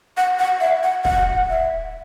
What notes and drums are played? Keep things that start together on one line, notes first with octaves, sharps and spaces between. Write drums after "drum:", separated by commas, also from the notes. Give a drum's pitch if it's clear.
F#5
F#5
E5
F#5
F#5, drum: kick
E5